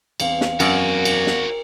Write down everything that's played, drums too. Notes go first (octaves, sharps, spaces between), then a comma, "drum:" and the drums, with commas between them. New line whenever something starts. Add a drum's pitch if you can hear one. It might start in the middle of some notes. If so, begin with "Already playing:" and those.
E2 C4 F5, drum: cymbal
drum: snare
F#2 A#3 F#4 D5, drum: cymbal
drum: cymbal
drum: snare